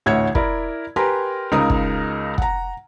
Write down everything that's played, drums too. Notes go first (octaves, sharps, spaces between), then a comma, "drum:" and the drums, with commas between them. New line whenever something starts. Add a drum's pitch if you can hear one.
A1 D2 C#5 E5 F#5 G#6
E4 A#4 D5 B5, drum: kick
G4 A#4 B4 G#5 A#5 C6
C#2 C#3 D#4 A#4 D#6
drum: kick
F#5 A#5, drum: kick